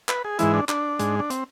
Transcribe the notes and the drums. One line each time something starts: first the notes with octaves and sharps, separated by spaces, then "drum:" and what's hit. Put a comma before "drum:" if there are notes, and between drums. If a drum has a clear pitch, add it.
B4, drum: clap
G#4
G#2 E3 G#3 E4, drum: hi-hat
D4
D4, drum: clap
G#2 G#3, drum: hi-hat
D4
C4, drum: hi-hat